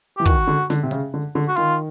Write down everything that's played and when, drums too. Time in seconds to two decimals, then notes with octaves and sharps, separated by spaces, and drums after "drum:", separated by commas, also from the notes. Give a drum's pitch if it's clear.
0.17 E3 G4
0.26 D#3 F#4, drum: kick, open hi-hat
0.47 D3
0.70 D3, drum: snare
0.83 C3
0.91 C#3, drum: hi-hat
1.14 D3
1.35 D3
1.48 F#4
1.57 D#3 F4, drum: hi-hat